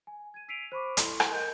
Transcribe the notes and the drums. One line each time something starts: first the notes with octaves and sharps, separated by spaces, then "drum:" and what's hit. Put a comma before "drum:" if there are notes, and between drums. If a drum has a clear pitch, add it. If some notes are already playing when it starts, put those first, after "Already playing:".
G#5
G#6 D#7
E6 B6 C7 D7 D#7 F7
C5 B5 C#6 D6
E4 A4 C6, drum: hi-hat
drum: rim click
A#4 D#5 G6